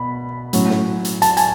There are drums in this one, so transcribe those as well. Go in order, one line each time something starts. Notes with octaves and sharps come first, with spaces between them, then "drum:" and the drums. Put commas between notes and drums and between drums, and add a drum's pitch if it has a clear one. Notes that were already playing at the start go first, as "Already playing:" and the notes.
Already playing: B2 B5
A2 F#3 C#4, drum: hi-hat
drum: snare
drum: hi-hat
A5, drum: hi-hat
G#5, drum: hi-hat